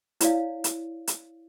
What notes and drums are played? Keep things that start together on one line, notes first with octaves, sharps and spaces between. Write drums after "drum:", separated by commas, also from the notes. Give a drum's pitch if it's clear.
E4 C#5 D5 F5, drum: hi-hat
drum: hi-hat
drum: hi-hat